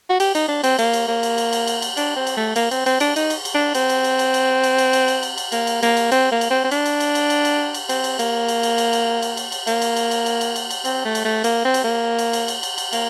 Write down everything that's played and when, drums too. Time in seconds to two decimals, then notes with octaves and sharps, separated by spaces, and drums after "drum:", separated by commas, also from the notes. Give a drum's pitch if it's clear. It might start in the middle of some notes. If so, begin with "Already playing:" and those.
0.10 F#4
0.20 G4, drum: cymbal
0.35 D#4, drum: cymbal
0.48 D4
0.64 C4, drum: cymbal
0.79 A#3, drum: cymbal
0.93 drum: cymbal
1.08 A#3
1.23 drum: cymbal
1.38 drum: cymbal
1.53 drum: cymbal
1.67 drum: cymbal
1.82 drum: cymbal
1.97 D4, drum: cymbal
2.16 C4
2.27 drum: cymbal
2.37 A3
2.56 A#3, drum: cymbal
2.71 C4, drum: cymbal
2.86 C4, drum: cymbal
3.00 D4, drum: cymbal
3.16 D#4, drum: cymbal
3.30 drum: cymbal
3.45 drum: cymbal
3.54 D4
3.75 C4, drum: cymbal
3.90 drum: cymbal
4.04 drum: cymbal
4.19 drum: cymbal
4.34 drum: cymbal
4.64 drum: cymbal
4.78 drum: cymbal
4.93 drum: cymbal
5.08 drum: cymbal
5.23 drum: cymbal
5.38 drum: cymbal
5.52 A#3, drum: cymbal
5.67 drum: cymbal
5.83 A#3, drum: cymbal
5.97 drum: cymbal
6.12 C4, drum: cymbal
6.31 A#3
6.41 drum: cymbal
6.51 C4
6.64 C4
6.71 D4, drum: cymbal
6.86 drum: cymbal
7.00 drum: cymbal
7.15 drum: cymbal
7.30 drum: cymbal
7.45 drum: cymbal
7.74 drum: cymbal
7.89 C4, drum: cymbal
8.04 drum: cymbal
8.19 A#3, drum: cymbal
8.48 drum: cymbal
8.63 drum: cymbal
8.78 drum: cymbal
8.93 drum: cymbal
9.22 drum: cymbal
9.37 drum: cymbal
9.52 drum: cymbal
9.67 A#3, drum: cymbal
9.82 drum: cymbal
9.96 drum: cymbal
10.11 drum: cymbal
10.26 drum: cymbal
10.41 drum: cymbal
10.56 drum: cymbal
10.70 drum: cymbal
10.85 C4, drum: cymbal
11.05 A3
11.15 drum: cymbal
11.25 A3
11.44 A#3, drum: cymbal
11.65 C4
11.74 drum: cymbal
11.84 A#3
12.19 drum: cymbal
12.33 drum: cymbal
12.48 drum: cymbal
12.63 drum: cymbal
12.78 drum: cymbal
12.93 A#3, drum: cymbal